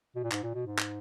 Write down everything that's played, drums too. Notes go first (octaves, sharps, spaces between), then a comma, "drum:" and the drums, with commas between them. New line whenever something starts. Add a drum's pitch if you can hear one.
B2
A#2
G#2, drum: clap
A#2
B2
G#2
drum: clap